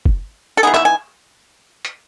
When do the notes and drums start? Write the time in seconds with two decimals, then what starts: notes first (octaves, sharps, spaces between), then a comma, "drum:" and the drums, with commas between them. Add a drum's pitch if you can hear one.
0.05 drum: kick
0.57 A4
0.63 E3 B3 D#4 G#4
0.74 E5, drum: clap
0.85 G#5
1.85 drum: hi-hat